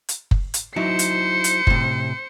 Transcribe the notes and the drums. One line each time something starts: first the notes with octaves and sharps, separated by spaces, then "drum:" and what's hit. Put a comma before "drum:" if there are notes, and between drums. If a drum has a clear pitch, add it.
drum: hi-hat
drum: kick F#1
drum: hi-hat
F#3 D#4 E4 C5 C#7
drum: hi-hat
drum: hi-hat
A2 C3, drum: kick F#1